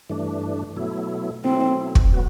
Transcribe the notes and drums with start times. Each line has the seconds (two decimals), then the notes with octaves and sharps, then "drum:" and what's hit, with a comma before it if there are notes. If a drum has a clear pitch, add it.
0.09 G2 E3 A3 D4
0.76 B2 F#3 A3 E4
1.44 B2 F#3 A3 C4 E4
1.95 drum: kick
2.12 A2 F#3 B3 F#4